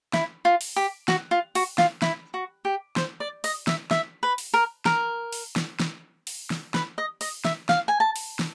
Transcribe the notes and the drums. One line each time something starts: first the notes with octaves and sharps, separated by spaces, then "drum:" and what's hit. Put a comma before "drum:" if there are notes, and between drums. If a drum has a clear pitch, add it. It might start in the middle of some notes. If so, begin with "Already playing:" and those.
E4, drum: snare
F4
drum: open hi-hat
G4
F#4, drum: snare
F4
F#4, drum: open hi-hat
F4, drum: snare
E4, drum: snare
F#4
G4
C5, drum: snare
D5
D#5, drum: open hi-hat
E5, drum: snare
E5, drum: snare
B4
drum: open hi-hat
A#4
A#4, drum: snare
drum: open hi-hat
drum: snare
drum: snare
drum: open hi-hat
drum: snare
B4, drum: snare
D#5
D#5, drum: open hi-hat
E5, drum: snare
F5, drum: snare
G#5
A5
drum: open hi-hat
drum: snare